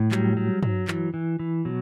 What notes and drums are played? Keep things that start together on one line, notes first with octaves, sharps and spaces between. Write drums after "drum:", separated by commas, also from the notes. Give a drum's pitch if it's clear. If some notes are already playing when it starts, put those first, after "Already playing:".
Already playing: A2
F#3 G3, drum: clap
F#3
F#3, drum: tom G2
E3, drum: clap
E3
E3
B2 F#3